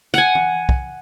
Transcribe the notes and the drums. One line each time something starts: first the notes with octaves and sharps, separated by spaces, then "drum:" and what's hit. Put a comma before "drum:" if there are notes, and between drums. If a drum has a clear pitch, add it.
F#5 G#5, drum: hi-hat
drum: tom
drum: kick